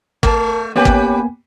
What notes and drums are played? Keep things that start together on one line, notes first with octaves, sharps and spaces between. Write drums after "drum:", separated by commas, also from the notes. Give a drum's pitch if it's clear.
A3 A#4 A5, drum: kick
A#3 B3 C#4 G4 B4 G#5
drum: kick